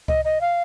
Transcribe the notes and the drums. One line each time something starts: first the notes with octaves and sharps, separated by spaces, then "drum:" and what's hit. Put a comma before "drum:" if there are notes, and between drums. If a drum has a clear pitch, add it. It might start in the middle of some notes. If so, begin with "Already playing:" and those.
D#5, drum: kick C#2
D#5
F5